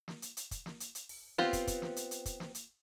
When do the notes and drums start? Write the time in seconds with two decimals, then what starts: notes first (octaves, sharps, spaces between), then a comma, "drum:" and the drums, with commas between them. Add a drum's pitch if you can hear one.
0.08 drum: snare
0.22 drum: hi-hat
0.37 drum: hi-hat
0.51 drum: kick, hi-hat
0.66 drum: snare
0.80 drum: hi-hat
0.95 drum: hi-hat
1.09 drum: open hi-hat
1.38 B3 C4 F4 G4, drum: snare
1.53 drum: kick, hi-hat
1.67 drum: kick, hi-hat
1.82 drum: snare
1.96 drum: hi-hat
2.11 drum: hi-hat
2.26 drum: kick, hi-hat
2.40 drum: snare
2.55 drum: hi-hat